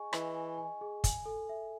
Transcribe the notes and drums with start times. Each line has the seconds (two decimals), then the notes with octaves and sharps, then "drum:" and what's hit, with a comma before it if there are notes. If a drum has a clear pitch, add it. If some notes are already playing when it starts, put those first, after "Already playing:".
Already playing: G#4 D#5 G#5 C#6
0.13 E3 D#5, drum: rim click
0.35 G#5
0.58 G#5
0.81 G#4
1.04 G#5, drum: kick, hi-hat
1.25 A4
1.49 E5